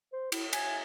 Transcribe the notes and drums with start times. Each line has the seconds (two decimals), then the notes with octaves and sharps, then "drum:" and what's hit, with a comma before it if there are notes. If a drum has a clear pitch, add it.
0.13 C5
0.32 E4, drum: cymbal
0.53 G#5, drum: cymbal